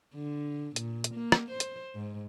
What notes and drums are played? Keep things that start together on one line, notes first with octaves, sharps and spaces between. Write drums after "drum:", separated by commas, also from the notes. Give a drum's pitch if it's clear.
D3
A#2, drum: hi-hat
drum: hi-hat
A#3
drum: rim click
C5
drum: hi-hat
G#2